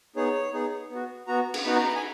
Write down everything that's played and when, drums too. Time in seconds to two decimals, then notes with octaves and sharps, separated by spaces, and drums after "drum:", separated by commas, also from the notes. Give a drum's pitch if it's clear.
0.16 B3 D#4 G#4 C#5
0.53 B3 D#4 G#4
0.90 B3 F#4
1.27 B3 F#4 A#5
1.54 drum: cymbal
1.64 B3 D#4 F#4 B5
1.76 A#5
1.88 B5
1.95 G#5